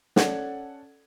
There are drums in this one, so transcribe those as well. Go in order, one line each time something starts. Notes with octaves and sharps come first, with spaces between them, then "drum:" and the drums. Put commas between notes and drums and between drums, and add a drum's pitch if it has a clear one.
C#4 A4 D5 F#5 G#6, drum: snare